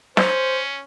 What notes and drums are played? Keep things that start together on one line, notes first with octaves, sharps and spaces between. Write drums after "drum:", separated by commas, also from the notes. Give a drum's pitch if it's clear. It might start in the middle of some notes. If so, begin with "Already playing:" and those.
C#4 C5, drum: snare